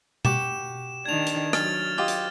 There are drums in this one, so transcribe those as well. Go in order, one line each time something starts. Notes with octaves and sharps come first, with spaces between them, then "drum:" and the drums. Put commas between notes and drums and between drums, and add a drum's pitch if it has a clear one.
F#4 G4 E7, drum: tom B2
D#3 D4 G#6 F7
drum: hi-hat
F#3 F6 A6, drum: rim click
F4 G4 D#5 F6
drum: hi-hat